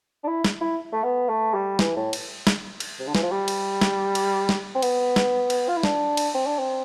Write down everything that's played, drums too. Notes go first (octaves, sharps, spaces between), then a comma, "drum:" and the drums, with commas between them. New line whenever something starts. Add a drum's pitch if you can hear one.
D4
E4
drum: snare
E4
A3
B3
A3
G3
E3, drum: snare
A2
drum: cymbal
drum: snare
drum: cymbal
C3
D3
E3, drum: snare
F3
G3
drum: cymbal
drum: snare
drum: cymbal
drum: snare
C4
B3, drum: cymbal
drum: snare
drum: cymbal
F4
E4
D4, drum: snare
drum: cymbal
C4
D4
C4